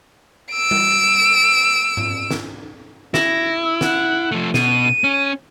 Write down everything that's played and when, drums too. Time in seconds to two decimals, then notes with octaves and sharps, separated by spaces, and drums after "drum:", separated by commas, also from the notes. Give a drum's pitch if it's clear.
0.52 E6 D7
0.71 drum: tom G3
1.97 drum: tom G#2
2.31 drum: snare
3.14 E4 A#6, drum: snare
3.63 E6
3.81 F#5, drum: snare
4.32 F3 A3
4.54 B2 D#7, drum: snare
5.04 C#4